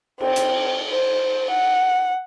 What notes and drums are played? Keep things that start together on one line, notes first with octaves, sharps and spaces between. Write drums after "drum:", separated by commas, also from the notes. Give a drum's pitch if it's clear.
C4, drum: cymbal
drum: hi-hat
C5
F#5